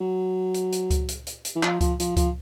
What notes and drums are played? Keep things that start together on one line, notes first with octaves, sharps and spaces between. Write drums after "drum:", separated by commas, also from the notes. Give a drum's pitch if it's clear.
F#3
drum: hi-hat
drum: hi-hat
drum: kick C#2, hi-hat
drum: hi-hat
drum: hi-hat
drum: hi-hat
E3
F3, drum: clap
F3, drum: kick C#2, hi-hat
F3, drum: hi-hat
F3, drum: kick C#2, hi-hat